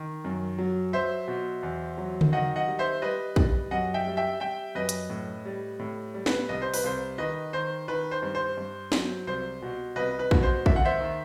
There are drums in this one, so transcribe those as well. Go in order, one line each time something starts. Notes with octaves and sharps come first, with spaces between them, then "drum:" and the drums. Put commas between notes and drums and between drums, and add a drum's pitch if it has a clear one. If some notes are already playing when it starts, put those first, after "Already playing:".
Already playing: D#3
F#2
F#3
F#3 C5 E5
B2
E2
F#3
drum: tom C#3
D#3 D#5 F#5
D#5 F#5
G3
C5 E5
G3 B4 D#5
G3, drum: kick
F#2 D#5 F#5
E5 G5
G3
E5 G5
G3 E5 G5
F#2 B4 D#5
drum: hi-hat
A2
G3
A2
G3
B4, drum: snare
C2 D#5
C5
B4, drum: open hi-hat
C2 C5
D#3 B4 D#5
D#3 C5
D#3 B4
C5
G2
C5
G2
F#3, drum: snare
C2 C5
B2
C2 B4 D#5
B4
B2, drum: kick
C5
D#2 E5, drum: kick
F#5
C5 E5
D#3